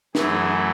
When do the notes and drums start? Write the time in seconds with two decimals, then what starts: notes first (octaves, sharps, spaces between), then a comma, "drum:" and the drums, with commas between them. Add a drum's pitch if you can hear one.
0.15 F#2 E3 A3 G#4, drum: snare